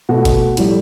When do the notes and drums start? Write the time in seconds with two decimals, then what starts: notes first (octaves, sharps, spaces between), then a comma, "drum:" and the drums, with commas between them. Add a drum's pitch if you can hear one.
0.09 B2 A3 F#4
0.25 drum: kick G1, hi-hat
0.57 A2 G3, drum: hi-hat